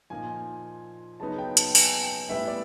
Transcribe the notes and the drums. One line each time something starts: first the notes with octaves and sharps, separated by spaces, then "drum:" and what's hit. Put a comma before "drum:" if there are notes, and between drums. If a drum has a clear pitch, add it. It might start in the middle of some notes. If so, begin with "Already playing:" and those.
A#2 F3 A#3 D#4 G#5
C#3 F#3 B3 D#4 A5
G5
A5, drum: hi-hat
G#5, drum: open hi-hat
G5
A2 E3 G3 B3 E5
D5